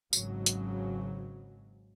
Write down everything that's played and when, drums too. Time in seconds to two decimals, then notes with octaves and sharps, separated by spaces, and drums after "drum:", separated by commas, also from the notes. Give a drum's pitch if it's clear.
0.13 G#1 G#2 C#3 F#3, drum: tambourine
0.46 drum: hi-hat